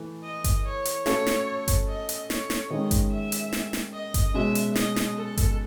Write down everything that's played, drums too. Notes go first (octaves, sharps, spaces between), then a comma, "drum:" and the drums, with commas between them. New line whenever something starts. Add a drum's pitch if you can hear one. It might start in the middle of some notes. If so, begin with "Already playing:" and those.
Already playing: E3 A3
D#5
drum: kick G1, hi-hat
C#5
drum: hi-hat
A3 C#4 F#4 A4 C#5, drum: snare
drum: snare
drum: kick G1, hi-hat
D#5
drum: hi-hat
C#5, drum: snare
drum: snare
D#3 G#3 C#4 D#5
drum: kick G1, hi-hat
E5
drum: hi-hat
drum: snare
drum: snare
D#5
drum: kick G1, hi-hat
B2 G#3 C#4 E5
drum: hi-hat
D#5, drum: snare
drum: snare
A4
drum: kick G1, hi-hat